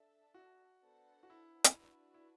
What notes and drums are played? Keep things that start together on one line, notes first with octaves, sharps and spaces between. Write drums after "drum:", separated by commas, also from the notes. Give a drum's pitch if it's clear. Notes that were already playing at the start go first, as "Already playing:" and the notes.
Already playing: D4 A4 E5
F#4
B3 D4 A4 C5 F#5
F#4
E4
drum: hi-hat
D4 F#4 B4
E4